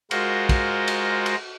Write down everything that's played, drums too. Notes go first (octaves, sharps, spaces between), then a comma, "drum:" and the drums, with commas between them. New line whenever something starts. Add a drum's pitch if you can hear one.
G#3 F4 F#4 A#4 C5, drum: cymbal
drum: kick, cymbal
drum: cymbal
drum: cymbal